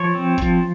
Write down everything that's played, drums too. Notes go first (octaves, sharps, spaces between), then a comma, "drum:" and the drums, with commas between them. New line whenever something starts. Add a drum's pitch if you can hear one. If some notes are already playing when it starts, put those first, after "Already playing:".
Already playing: F3 C#5
C4
F3, drum: kick F#1, hi-hat